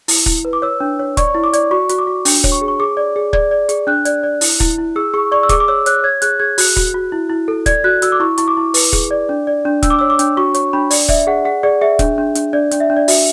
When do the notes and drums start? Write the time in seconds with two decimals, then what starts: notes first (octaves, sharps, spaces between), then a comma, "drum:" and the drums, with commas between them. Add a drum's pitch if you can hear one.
0.08 E4, drum: open hi-hat
0.26 E4, drum: kick
0.45 B4
0.53 D6
0.62 C#5 E6
0.80 D4
0.99 C#5
1.17 D5 C#6, drum: kick, hi-hat
1.34 E4
1.44 D6
1.53 D5, drum: hi-hat
1.71 F#4 C#6
1.89 F#4, drum: hi-hat
1.98 D6
2.07 F#4
2.25 D4, drum: open hi-hat
2.44 C#5, drum: kick
2.52 C#6
2.61 G#4
2.68 C#6
2.80 G#4 D6
2.97 D5
3.16 G#4
3.33 D5, drum: kick
3.51 D5
3.69 G#4, drum: hi-hat
3.87 D4 F#6
4.05 D5, drum: hi-hat
4.23 D5
4.41 E4, drum: open hi-hat
4.60 E4, drum: kick
4.78 E4
4.96 G#4 E6
5.14 G#4 C#6
5.32 D5 C#6
5.43 E6
5.49 G#4 D6, drum: kick, hi-hat
5.60 D6
5.68 C#5 E6
5.86 C#5 F#6, drum: hi-hat
6.04 C#5 G#6
6.22 G#4 F#6, drum: hi-hat
6.40 G#4 G#6
6.58 F#4 F#6, drum: open hi-hat
6.77 F#4, drum: kick
6.94 F#4
7.12 E4
7.30 E4
7.48 A4
7.66 D5 G#6, drum: kick, hi-hat
7.84 F#4 F#6
8.02 F#4 E6, drum: hi-hat
8.12 D6
8.20 E4 C#6
8.38 E4 C#6, drum: hi-hat
8.48 D6
8.57 E4
8.74 B4, drum: open hi-hat
8.93 G#4, drum: kick
9.11 D5
9.29 D4
9.47 D5
9.65 D4
9.83 D4 E6, drum: kick, hi-hat
9.90 D6
9.99 C#5 E6
10.10 D6
10.19 D4, drum: hi-hat
10.37 F#4 C#6
10.54 C#5 C#6, drum: hi-hat
10.73 D4 B5
10.91 D5, drum: open hi-hat
11.09 D5 E5, drum: kick
11.27 G#4 F#5
11.45 G#4 F#5
11.63 G#4 D5
11.81 G#4 E5
11.99 D4, drum: kick, hi-hat
12.18 D4
12.35 D4, drum: hi-hat
12.53 D4 D5
12.71 D4, drum: hi-hat
12.80 E5
12.90 D4
12.97 D5
13.08 F#4 E5, drum: open hi-hat